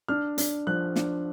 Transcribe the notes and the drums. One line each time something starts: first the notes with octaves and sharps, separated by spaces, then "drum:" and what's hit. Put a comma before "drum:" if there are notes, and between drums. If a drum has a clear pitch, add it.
D4 F6
D4, drum: hi-hat
F3 F#6
D4, drum: snare